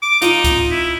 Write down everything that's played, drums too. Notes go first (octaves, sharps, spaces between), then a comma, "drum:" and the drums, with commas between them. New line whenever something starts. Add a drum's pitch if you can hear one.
D6
D#4 F4, drum: hi-hat
drum: kick C#2, hi-hat
E4